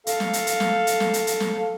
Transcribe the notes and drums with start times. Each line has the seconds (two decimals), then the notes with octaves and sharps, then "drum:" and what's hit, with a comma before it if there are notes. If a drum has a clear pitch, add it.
0.07 A4 F5, drum: hi-hat
0.20 drum: snare
0.33 drum: hi-hat
0.47 drum: hi-hat
0.60 drum: snare
0.87 drum: hi-hat
1.00 drum: snare
1.14 drum: hi-hat
1.27 drum: hi-hat
1.40 drum: snare